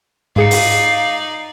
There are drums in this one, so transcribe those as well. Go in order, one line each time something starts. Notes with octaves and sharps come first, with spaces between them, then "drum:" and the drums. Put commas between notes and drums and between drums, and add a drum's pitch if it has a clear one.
G#2 D#4 G#4 D5 F5 C#7
drum: open hi-hat